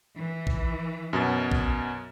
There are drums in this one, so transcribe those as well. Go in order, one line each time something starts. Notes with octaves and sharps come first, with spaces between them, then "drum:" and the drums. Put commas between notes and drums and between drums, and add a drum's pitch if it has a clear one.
E3
drum: kick
F#2 B2 A6
drum: kick